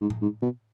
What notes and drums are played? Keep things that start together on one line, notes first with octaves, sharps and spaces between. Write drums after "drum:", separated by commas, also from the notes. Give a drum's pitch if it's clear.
G#2
drum: tom A2
G#2
B2